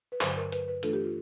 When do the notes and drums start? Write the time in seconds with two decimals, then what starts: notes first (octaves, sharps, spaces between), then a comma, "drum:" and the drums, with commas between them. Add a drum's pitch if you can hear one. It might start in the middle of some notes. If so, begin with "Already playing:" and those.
0.12 B4
0.21 G2 D3 F#3 C5, drum: clap
0.36 A#4
0.52 B4, drum: hi-hat
0.68 B4
0.83 E3 A3 D4 F4 A4, drum: hi-hat
0.93 G4
1.04 F4